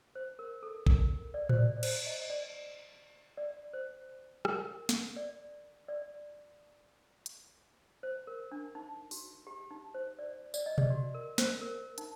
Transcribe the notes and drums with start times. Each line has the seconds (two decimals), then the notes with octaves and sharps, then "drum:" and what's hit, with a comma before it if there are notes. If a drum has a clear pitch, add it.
0.15 C5
0.39 A#4
0.63 A4
0.87 A#4, drum: kick A1
1.34 D5
1.49 C5, drum: tom A2
1.58 D5
1.77 D5
1.83 C5, drum: cymbal
2.06 D#5
2.30 D5
3.37 D5
3.73 C5
4.45 A#4, drum: rim click
4.89 drum: snare
5.16 D5
5.88 D5
7.26 drum: hi-hat
8.03 C5
8.27 A#4
8.52 D4
8.75 D#4
9.11 F#4, drum: open hi-hat
9.47 G4
9.71 D#4
9.94 C5
10.19 D5
10.54 D5, drum: tambourine
10.66 D#5
10.78 D5, drum: tom B2
10.90 F#4
11.14 A#4
11.38 C5, drum: snare
11.62 A#4
11.98 D#4, drum: hi-hat